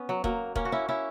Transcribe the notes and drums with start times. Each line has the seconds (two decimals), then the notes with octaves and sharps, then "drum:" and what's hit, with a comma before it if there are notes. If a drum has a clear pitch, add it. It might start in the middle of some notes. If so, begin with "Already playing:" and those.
Already playing: B3 C#4
0.09 F#3
0.24 F#3 A#3, drum: kick E1
0.56 A#3 C#4, drum: kick E1
0.65 F#4
0.72 C#4 E4
0.89 C#4 E4